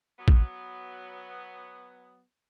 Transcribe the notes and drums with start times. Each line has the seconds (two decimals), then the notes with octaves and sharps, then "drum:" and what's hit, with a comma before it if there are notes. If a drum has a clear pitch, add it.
0.18 F#3 B3
0.28 drum: kick A#1